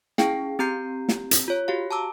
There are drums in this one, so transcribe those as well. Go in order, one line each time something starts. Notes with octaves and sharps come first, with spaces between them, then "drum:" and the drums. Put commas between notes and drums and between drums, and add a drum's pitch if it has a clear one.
C#4 E4 G#4 F5 G5, drum: snare
C4 G4 A#5 G6 C7
drum: snare
drum: hi-hat
F4 C#5
F#4 G4 F5
A5 A#5 D6 E6